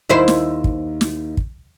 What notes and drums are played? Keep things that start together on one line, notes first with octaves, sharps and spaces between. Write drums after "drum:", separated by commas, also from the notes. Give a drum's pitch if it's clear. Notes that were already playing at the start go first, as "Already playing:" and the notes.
D#2 E4 C5
drum: snare
drum: kick
drum: snare
drum: kick